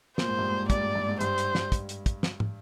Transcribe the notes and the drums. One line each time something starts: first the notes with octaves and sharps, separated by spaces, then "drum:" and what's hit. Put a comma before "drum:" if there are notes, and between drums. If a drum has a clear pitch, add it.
A#2 C5, drum: snare
G#2
G2
G#2
G2 D5, drum: kick, hi-hat
G#2
G2
G#2
G2 C5, drum: hi-hat
drum: hi-hat
drum: snare
drum: kick, hi-hat
drum: hi-hat
drum: kick, hi-hat
drum: snare
drum: tom